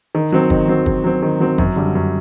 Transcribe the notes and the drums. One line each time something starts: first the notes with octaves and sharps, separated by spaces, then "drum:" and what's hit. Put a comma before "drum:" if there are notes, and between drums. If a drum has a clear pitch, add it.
D#3
F#3 C4
D#3, drum: kick
F#3 C4
D#3, drum: kick
F#3 C4
D#3
F#3 C4
F#2, drum: kick
D3 G3
F#2